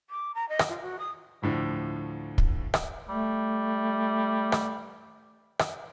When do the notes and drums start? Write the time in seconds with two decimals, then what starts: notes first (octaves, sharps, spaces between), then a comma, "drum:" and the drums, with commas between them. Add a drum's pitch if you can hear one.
0.10 D6
0.35 A#5
0.49 D#5
0.59 drum: rim click
0.69 F4
0.82 F#4
0.99 D#6
1.42 D2 A2 D3 F3
2.38 drum: kick
2.74 drum: rim click
3.09 G3 A3
4.52 drum: rim click
5.59 drum: rim click